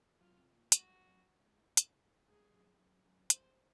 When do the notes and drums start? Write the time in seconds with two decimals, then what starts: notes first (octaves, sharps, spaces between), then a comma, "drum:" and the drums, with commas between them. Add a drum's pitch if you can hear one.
0.20 F#3 F4
0.31 B2
0.37 C3
0.55 A#2
0.72 G#2 F#4, drum: hi-hat
0.89 G2
1.07 F#2
1.24 G2
1.41 G#2
1.58 A2
1.77 drum: hi-hat
2.27 G#2 G#4
2.40 G2
2.53 F#2
2.66 F#2
2.74 G2
2.79 F#2
3.05 F#2
3.30 G2 C5, drum: hi-hat
3.46 G2